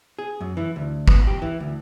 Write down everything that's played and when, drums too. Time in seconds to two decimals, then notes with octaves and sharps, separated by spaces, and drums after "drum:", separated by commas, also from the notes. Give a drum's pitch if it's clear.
0.19 G#4
0.40 F#2
0.57 E3
0.76 D2
1.08 B3, drum: kick
1.27 G4
1.42 E3
1.60 D2